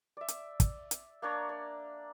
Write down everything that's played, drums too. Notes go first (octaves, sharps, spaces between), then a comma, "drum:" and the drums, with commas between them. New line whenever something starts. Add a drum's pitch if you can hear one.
D5 E5
drum: hi-hat
drum: kick, hi-hat
drum: hi-hat
A#3 D4 C#5 A#5
D5